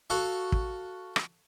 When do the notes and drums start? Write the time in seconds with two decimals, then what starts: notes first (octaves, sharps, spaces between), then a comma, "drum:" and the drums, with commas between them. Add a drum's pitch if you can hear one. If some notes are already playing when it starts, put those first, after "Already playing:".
0.10 F#4 A4 F5
0.52 drum: kick
1.16 drum: rim click